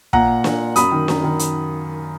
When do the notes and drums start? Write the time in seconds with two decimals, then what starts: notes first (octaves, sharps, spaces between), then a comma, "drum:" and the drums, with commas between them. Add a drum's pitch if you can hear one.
0.13 A#2 F#5 A#5, drum: kick
0.44 A#2, drum: snare
0.76 F#2 B5 D#6, drum: hi-hat
0.91 D#3
1.08 F#2, drum: snare
1.24 D#3
1.39 drum: hi-hat